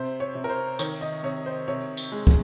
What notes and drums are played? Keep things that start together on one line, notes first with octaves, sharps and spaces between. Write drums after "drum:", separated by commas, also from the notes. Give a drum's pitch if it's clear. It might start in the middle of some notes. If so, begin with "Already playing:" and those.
Already playing: C3 C5
C#5
C3
A#4
C5
D#3 C#5, drum: tambourine
D#5
C3 C#5
C5
C3 C#5
drum: tambourine
G#3
drum: kick